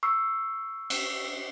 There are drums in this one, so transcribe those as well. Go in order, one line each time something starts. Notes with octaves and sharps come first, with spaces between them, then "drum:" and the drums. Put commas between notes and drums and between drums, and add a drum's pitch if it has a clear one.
C#6 E6 C7
drum: cymbal